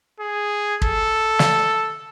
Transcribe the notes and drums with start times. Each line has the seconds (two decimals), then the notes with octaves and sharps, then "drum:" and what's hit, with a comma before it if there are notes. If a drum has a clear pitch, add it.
0.20 G#4
0.82 A4, drum: kick
1.39 drum: snare